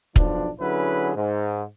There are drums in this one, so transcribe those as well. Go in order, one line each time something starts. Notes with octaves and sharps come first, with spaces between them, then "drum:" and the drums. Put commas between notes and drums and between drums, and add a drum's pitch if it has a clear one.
B1 F3 D4, drum: kick
D3 F#3 C#4 E4 G#4 B4
G#2